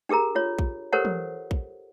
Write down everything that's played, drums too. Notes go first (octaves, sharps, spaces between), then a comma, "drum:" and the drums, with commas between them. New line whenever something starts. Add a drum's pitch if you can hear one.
D4 G4 G#4 A#4 A#5
F4 C#5
drum: kick
G4 A4 A#4 C5 C#5 F#5
drum: tom E3
drum: kick